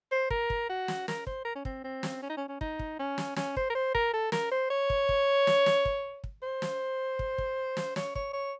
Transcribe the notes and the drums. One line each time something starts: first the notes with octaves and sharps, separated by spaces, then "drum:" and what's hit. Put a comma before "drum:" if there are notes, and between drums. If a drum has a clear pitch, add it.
C5
A#4, drum: kick
drum: kick
F#4
drum: snare
A#4, drum: snare
C5, drum: kick
A#4
C#4
C4, drum: kick
C4
drum: snare
C#4
D#4
C#4
C#4
D#4, drum: kick
drum: kick
C#4
drum: snare
C#4, drum: snare
C5, drum: kick
A#4
C5
A#4, drum: kick
A4
A#4, drum: snare
C5
C#5
drum: kick
drum: kick
drum: snare
drum: snare
drum: kick
drum: kick
C5
drum: snare
drum: kick
drum: kick
drum: snare
C#5, drum: snare
C#5, drum: kick
C#5